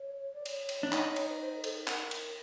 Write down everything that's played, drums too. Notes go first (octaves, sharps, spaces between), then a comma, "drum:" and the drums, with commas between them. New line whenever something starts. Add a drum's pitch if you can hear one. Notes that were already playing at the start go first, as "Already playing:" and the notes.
Already playing: C#5
D5
C#5, drum: cymbal
drum: cymbal
D4
D#4, drum: clap
drum: cymbal
B4
C5
A#4
A4, drum: cymbal
A#4
drum: clap
drum: cymbal